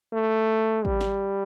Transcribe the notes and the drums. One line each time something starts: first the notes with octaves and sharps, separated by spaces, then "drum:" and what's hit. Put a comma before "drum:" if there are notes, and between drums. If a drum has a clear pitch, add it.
A3
G3, drum: kick
drum: snare